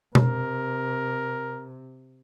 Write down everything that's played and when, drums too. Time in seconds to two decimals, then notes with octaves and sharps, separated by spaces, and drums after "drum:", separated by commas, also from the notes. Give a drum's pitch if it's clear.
0.15 C3 A#4, drum: tom B2